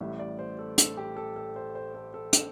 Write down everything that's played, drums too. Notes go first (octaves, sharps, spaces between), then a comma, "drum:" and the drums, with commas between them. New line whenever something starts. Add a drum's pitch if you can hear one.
A1 A2 G3 E5
D5
C5
A4
A4, drum: hi-hat
G4
A4
A4
C5
C5
A4
A4
A4, drum: hi-hat